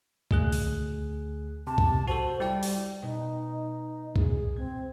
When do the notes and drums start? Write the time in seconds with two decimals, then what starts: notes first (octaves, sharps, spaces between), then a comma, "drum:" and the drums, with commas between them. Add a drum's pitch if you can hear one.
0.31 D2 G#4 F#6, drum: kick C2
0.52 drum: open hi-hat
1.67 C3 A5
1.78 drum: kick C2
2.08 F#4 A4 C5
2.40 G3 E4 D5 G5
2.63 drum: open hi-hat
3.02 B2 D#4
4.16 G#4, drum: kick C2
4.56 C4 G#6